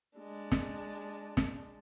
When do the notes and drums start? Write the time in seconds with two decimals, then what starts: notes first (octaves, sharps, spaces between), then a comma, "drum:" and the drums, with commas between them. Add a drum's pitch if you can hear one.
0.17 G#3 D4
0.52 drum: snare
1.37 drum: snare